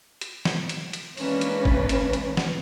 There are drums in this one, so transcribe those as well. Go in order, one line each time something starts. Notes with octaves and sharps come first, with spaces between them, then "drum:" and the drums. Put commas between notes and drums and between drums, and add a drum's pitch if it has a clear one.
drum: hi-hat
drum: snare
drum: hi-hat
drum: hi-hat
E3 G#3 A#3 C#4 D4 B4, drum: open hi-hat
drum: hi-hat
drum: kick G1
drum: hi-hat
drum: hi-hat
drum: snare